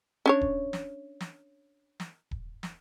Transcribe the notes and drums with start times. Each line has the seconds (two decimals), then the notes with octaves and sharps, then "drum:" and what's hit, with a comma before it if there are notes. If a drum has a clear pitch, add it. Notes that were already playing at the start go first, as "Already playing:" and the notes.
0.26 C#4 D4 C#5
0.41 drum: kick D#1
0.73 drum: snare
1.21 drum: snare
2.00 drum: snare
2.31 drum: kick D#1
2.63 drum: snare